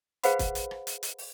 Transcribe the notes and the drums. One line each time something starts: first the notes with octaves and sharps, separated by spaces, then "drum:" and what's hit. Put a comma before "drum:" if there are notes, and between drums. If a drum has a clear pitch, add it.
G#4 B4 C5 F5 F#5 B5, drum: hi-hat
drum: kick, hi-hat
drum: hi-hat
drum: rim click
drum: hi-hat
drum: hi-hat
drum: open hi-hat